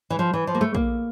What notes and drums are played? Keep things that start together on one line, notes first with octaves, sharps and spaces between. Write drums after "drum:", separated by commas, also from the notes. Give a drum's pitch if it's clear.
E3
F3
E3
F3
A#3
A3
A#3, drum: kick A#1